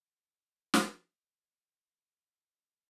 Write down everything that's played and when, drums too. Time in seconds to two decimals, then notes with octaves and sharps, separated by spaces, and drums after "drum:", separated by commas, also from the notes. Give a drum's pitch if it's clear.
0.19 A#3 C#5 D5
0.74 drum: snare